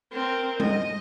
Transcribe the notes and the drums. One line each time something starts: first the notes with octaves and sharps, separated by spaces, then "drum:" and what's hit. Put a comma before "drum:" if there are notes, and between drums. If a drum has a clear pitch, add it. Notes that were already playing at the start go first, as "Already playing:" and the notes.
C4 A#4
D#5, drum: tom G3